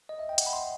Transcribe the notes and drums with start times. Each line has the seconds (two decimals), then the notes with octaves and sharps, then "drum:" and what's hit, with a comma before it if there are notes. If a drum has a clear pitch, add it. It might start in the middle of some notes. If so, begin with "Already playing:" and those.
0.09 D#5
0.19 E5
0.29 G5
0.38 F#5, drum: hi-hat
0.46 B5
0.53 C6